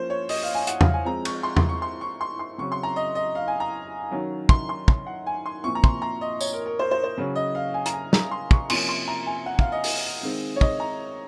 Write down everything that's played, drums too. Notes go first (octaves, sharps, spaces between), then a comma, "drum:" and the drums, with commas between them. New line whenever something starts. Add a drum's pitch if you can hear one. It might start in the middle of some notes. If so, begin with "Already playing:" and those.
Already playing: F3 A#3 C#4 C5
C#5
D#5, drum: open hi-hat
F5
G#5
F#5, drum: hi-hat
F5, drum: tom E2
G#5
F3 G#3 C4 A#5
C#6, drum: cymbal
C6
C6, drum: tom E2
C#6
C6
C#6
C6
C6
C#3 F#3 C4 C#6
C6
A#5
D#5
D#5
F5
G#5
A#5
D#3 F#3 C#4
C6, drum: kick
C6
C6, drum: kick
F#5
G#5
C6
A#2 F3 C4 C#6
A#5
C6, drum: kick
A#5
D#5
C#5, drum: tambourine
A#4
A#4
C5
C5
C5
C#3 F#3 C#4
D#5
F5
G#5
A#5, drum: hi-hat
G#5
A#5, drum: snare
C6
C#6, drum: kick
C3 F3 A#3 C#4 C6, drum: cymbal
C6
A#5
G#5
F#5
F5, drum: kick
D#5
drum: open hi-hat
D#3 G#3 C4
C#5
D#5, drum: kick
A#5